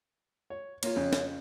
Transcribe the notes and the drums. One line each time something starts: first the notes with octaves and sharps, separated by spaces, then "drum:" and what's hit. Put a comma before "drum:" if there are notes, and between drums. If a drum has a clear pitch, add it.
C#5
A#3 F4 C#5, drum: cymbal
F2 C#3
drum: snare